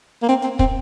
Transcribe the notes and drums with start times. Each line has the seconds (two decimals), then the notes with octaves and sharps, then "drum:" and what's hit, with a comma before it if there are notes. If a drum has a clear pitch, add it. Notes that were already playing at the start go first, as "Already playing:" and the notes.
0.22 A#3
0.29 C4
0.44 C4
0.59 C4, drum: kick